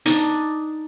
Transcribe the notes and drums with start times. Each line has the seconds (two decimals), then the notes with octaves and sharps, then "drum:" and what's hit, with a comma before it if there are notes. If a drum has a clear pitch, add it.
0.06 D4 D#4, drum: hi-hat